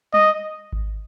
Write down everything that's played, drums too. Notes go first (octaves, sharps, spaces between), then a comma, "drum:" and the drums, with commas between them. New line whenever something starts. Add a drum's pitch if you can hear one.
D#5, drum: tom G3
drum: kick G#1